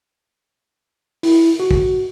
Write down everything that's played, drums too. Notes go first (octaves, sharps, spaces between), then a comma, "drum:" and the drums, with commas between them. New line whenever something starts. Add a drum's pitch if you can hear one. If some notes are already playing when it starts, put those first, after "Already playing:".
E4, drum: open hi-hat
F#4
drum: kick